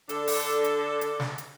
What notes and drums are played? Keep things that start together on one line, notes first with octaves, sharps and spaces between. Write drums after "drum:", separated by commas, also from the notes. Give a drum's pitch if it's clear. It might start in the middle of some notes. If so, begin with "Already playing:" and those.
D3 D4 A4, drum: hi-hat
drum: open hi-hat
drum: hi-hat
drum: hi-hat
drum: snare
drum: hi-hat